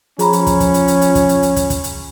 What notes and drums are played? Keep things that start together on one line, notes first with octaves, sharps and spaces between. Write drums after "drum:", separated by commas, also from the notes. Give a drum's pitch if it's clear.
F3 C#4 G#4 A#5 B5, drum: hi-hat
drum: hi-hat
drum: kick, hi-hat
drum: kick, hi-hat
drum: hi-hat
drum: hi-hat
drum: hi-hat
drum: kick, hi-hat
drum: hi-hat
drum: hi-hat
drum: kick, hi-hat
drum: kick, hi-hat
drum: hi-hat